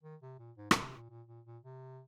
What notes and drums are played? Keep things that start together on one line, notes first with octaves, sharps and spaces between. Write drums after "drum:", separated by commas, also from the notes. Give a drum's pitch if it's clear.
D#3
C3
A#2
G#2
A#2, drum: rim click
C3
A#2
A#2
A#2
A#2
C3